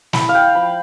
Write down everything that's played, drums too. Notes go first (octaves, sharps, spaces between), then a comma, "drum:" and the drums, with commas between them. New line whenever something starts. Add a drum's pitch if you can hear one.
E4 B5, drum: snare
F5
G5
F3 B5